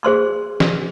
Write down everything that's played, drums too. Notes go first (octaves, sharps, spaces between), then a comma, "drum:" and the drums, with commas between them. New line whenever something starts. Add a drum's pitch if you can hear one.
G#4 C5 C6 C#6
drum: snare